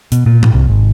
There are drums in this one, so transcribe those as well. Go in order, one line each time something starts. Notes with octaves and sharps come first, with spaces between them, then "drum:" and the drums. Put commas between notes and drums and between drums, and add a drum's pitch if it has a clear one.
B2, drum: hi-hat
A#2
drum: tom G#2
C2
G#1